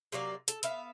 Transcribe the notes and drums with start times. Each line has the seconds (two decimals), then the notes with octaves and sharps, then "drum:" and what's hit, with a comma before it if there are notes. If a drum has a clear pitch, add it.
0.12 C3 F#3 A#3 D5
0.48 A4, drum: hi-hat
0.63 B3 E5 F5, drum: hi-hat